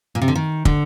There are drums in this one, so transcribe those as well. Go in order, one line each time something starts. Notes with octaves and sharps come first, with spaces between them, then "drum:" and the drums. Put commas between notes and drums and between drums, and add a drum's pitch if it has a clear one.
A#2
C3
D3
D#3
D3, drum: kick